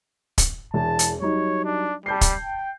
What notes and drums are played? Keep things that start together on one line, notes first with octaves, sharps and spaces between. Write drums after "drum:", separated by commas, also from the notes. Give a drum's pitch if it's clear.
drum: kick, hi-hat
E1 E2 A5
drum: hi-hat
F#3 G3 D#4 C#5
D4
G3 A5 G6 C7
drum: kick, hi-hat
G5